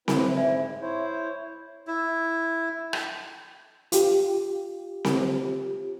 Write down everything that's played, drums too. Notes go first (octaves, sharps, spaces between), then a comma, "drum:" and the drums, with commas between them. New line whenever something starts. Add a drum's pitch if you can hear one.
C4 E4 B4, drum: snare C4
G#2 D5 E5 G#5
E4 C5 C#5
E4
drum: rim click
F4 G4, drum: hi-hat
drum: snare C4